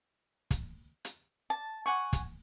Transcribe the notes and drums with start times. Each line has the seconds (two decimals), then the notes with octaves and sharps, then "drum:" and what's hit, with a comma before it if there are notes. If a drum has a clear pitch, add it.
0.51 drum: kick, hi-hat
1.05 drum: hi-hat
1.50 A5
1.86 F#5 G#5 C#6
2.13 drum: kick, hi-hat